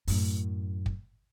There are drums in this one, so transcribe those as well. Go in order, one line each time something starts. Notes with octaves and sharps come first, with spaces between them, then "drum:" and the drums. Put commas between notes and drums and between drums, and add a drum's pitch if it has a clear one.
F#2 A2, drum: open hi-hat
drum: kick